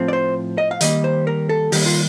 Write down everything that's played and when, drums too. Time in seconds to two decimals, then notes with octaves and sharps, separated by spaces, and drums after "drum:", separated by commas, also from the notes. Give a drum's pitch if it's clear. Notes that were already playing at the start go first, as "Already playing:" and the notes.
Already playing: A2 F3 C4
0.08 D5
0.13 C5
0.58 D#5
0.71 F5
0.81 D#3 G3 A#3 D#5, drum: hi-hat
1.04 C5
1.27 A#4
1.49 A4
1.72 D#3 G3 A#3 G4, drum: open hi-hat
1.86 F4